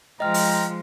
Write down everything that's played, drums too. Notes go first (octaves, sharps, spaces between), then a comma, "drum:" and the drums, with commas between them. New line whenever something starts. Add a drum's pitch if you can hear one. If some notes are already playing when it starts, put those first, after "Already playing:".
F3 G#3 D#5 G5 A#5 F6
drum: open hi-hat